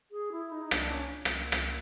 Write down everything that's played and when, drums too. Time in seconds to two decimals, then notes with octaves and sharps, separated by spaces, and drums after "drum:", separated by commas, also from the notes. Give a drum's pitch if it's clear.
0.11 G#4
0.32 E4
0.51 D#4
0.65 D#4
0.71 D4, drum: rim click
0.91 C#4
1.25 drum: rim click
1.52 drum: rim click